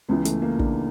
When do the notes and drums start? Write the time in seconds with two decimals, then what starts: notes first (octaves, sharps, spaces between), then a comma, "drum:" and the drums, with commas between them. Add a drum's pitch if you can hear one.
0.09 C#2 C#3 E3 B3
0.25 A3, drum: hi-hat
0.42 A#3
0.59 D4, drum: kick